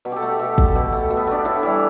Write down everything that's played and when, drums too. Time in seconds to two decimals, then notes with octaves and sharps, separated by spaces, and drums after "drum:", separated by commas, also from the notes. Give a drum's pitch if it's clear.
0.05 B2 B4
0.12 G4 A4
0.22 A3
0.29 G4
0.39 B2 G4
0.58 A3, drum: kick
0.68 A4
0.75 B2 G4
0.93 A3
1.10 B2
1.17 B3
1.27 A3 D4
1.45 A2 E4
1.63 E3 G3